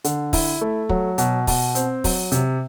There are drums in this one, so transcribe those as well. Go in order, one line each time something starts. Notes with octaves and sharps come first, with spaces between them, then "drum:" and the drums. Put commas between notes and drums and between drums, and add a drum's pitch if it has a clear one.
D3, drum: hi-hat
E4, drum: kick, open hi-hat
A3
F#3, drum: kick
B2, drum: hi-hat
B2, drum: kick, open hi-hat
C4, drum: hi-hat
F#3, drum: kick, open hi-hat
C3, drum: hi-hat